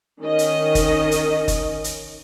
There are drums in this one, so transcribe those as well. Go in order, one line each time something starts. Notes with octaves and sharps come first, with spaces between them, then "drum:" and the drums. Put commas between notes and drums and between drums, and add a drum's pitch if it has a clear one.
D#3 C#4 D#5
drum: hi-hat
drum: kick, hi-hat
drum: hi-hat
drum: kick, hi-hat
drum: hi-hat